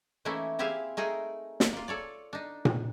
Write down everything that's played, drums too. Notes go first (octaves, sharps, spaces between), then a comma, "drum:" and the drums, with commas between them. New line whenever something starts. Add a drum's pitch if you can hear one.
E3 A3 A#3 C#4 D#4 E4
C4 E4 G4 G#4 E5 F5
A3 D#4 G#4 A#4
drum: snare
A#3 F4
A4 C#5 D5
D4 D#4
drum: tom A#2